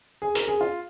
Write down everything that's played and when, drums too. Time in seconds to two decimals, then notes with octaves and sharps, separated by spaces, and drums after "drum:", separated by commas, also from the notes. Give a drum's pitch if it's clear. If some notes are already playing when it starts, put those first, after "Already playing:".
0.22 G#4
0.35 A#4, drum: hi-hat
0.48 G#4
0.61 F4